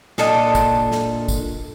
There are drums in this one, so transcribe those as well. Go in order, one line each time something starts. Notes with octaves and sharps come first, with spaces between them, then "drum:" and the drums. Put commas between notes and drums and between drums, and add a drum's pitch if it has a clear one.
A#2 D4 A4 D#5, drum: snare
drum: kick, tambourine
drum: snare
drum: kick, tambourine